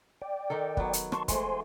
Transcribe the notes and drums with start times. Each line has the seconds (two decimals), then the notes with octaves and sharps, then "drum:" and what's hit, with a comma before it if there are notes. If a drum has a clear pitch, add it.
0.22 D5 G5
0.50 D#3 D#4 A4
0.77 F#3 B3, drum: kick
0.93 drum: hi-hat
1.12 A5 C6 C#6, drum: rim click
1.28 E3 G#3 A3 C5 G#5 C6, drum: kick, hi-hat